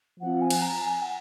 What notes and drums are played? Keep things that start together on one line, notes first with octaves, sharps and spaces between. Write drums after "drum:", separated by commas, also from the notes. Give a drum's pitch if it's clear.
F3 C4 F4 F#5
G#5
drum: cymbal
A#5
G#5
F#5